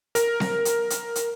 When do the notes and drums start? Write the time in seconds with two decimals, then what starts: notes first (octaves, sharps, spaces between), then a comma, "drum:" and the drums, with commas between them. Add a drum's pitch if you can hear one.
0.15 A#4, drum: hi-hat
0.40 drum: snare C4
0.65 drum: hi-hat
0.90 drum: hi-hat
1.15 drum: hi-hat